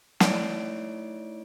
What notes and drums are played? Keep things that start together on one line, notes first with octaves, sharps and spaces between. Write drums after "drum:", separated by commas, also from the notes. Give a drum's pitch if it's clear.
A3 D#4 E4 C#5 D5 D7, drum: snare